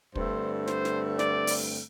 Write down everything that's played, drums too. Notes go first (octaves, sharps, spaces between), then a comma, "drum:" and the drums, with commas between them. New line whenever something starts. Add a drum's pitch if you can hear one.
G2 D3 A3 C4 C5, drum: kick
C5, drum: snare
drum: snare
D5, drum: snare
drum: open hi-hat